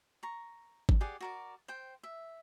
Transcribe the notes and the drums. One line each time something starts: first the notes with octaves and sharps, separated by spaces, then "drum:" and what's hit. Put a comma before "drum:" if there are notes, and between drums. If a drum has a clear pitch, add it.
A#5 C#6
drum: kick G#1
G4 G#4 D5 F#5
F#4 A#4 D5
C5 G5
E5